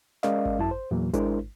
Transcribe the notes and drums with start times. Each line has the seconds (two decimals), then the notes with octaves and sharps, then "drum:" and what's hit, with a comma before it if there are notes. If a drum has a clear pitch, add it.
0.23 G#3 C#4 A#4 D5 D#5 F5, drum: snare
0.45 drum: kick G#1
0.59 F#2 E4 A5
0.71 C5
0.91 E2 A#2 E3 F#3 A#3
1.14 G#3 D4 E4 A#4 C5, drum: kick G#1, hi-hat